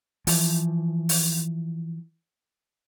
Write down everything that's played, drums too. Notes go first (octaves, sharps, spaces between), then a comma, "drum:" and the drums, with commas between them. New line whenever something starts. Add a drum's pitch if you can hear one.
E3 F3, drum: open hi-hat
drum: open hi-hat